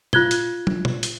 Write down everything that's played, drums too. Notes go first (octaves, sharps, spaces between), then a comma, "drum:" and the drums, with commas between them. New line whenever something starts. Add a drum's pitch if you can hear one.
F4 F#6 G#6 G7, drum: tom
drum: hi-hat
drum: tom
drum: tom
drum: hi-hat